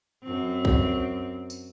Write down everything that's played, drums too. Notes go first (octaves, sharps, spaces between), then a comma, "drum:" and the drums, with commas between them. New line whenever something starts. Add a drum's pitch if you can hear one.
F#2 C4
drum: kick
drum: tambourine